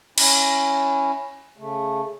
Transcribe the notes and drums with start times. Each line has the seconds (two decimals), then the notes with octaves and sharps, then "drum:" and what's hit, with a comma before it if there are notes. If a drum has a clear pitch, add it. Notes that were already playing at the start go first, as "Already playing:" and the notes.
0.18 C#4 E4, drum: cymbal
1.57 C#3 A3